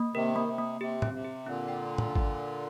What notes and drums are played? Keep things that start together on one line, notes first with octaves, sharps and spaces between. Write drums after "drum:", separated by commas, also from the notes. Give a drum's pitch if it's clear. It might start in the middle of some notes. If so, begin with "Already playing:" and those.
Already playing: A#3
C3 D#3 A#4
A#3
C3
A#3
C3 G4
C4, drum: tom
C3
G4
A#2 D3 C4
G5
drum: tom
drum: kick